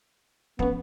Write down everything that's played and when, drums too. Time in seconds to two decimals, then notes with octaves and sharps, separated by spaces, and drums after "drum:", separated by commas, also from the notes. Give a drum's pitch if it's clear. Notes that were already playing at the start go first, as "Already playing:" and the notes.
0.59 F3 A3 B3 C#4, drum: kick